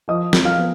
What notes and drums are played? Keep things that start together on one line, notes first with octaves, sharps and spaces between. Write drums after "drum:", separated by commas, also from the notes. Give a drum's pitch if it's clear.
F3 D#5 D#6
F3, drum: snare
F5 F6
B3